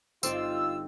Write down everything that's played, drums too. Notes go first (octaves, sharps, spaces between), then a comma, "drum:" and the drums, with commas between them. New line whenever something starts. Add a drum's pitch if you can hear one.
G1 C4 D#4 F4 D5 G5 E6, drum: tambourine